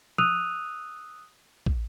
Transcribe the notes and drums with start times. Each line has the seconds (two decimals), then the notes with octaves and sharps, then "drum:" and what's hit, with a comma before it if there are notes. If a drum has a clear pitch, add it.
0.18 D#6 E6 F#6 D#7 F7, drum: tom F3
1.66 drum: kick